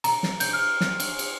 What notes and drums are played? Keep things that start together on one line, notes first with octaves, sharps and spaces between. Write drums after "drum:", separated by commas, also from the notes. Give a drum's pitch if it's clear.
A#5, drum: cymbal
drum: snare
G6, drum: cymbal
F6
drum: snare
drum: cymbal
drum: cymbal